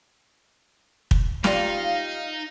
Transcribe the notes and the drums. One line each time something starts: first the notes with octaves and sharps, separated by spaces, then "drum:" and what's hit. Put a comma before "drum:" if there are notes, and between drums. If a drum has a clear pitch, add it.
drum: kick
D#4 F4 G4 D5 F5, drum: snare